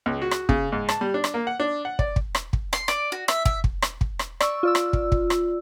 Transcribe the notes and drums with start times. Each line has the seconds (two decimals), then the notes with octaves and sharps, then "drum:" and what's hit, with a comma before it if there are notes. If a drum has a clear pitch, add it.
0.06 C#2
0.22 F#4
0.31 drum: rim click
0.49 C#3, drum: kick
0.72 G#2
0.89 A5, drum: rim click
1.01 G3
1.14 D4
1.24 drum: rim click
1.34 A#3
1.47 F#5
1.60 D4
1.85 F#5
1.99 D5, drum: kick
2.16 drum: kick
2.35 drum: rim click
2.53 drum: kick
2.73 C6, drum: rim click
2.88 D5, drum: rim click
3.12 F#4
3.28 E5, drum: rim click
3.45 E5, drum: kick
3.64 drum: kick
3.82 drum: rim click
4.01 drum: kick
4.19 drum: rim click
4.40 D5 C#6 E6, drum: rim click
4.63 F4 D5 E6
4.75 drum: rim click
4.93 drum: kick
5.12 drum: kick
5.30 drum: rim click